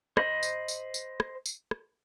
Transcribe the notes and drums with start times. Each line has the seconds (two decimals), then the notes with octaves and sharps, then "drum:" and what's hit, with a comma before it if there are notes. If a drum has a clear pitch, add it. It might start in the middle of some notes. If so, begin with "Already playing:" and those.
0.17 C5 D#5 B5, drum: rim click
0.43 drum: tambourine
0.68 drum: tambourine
0.94 drum: tambourine
1.20 drum: rim click
1.46 drum: tambourine
1.71 drum: rim click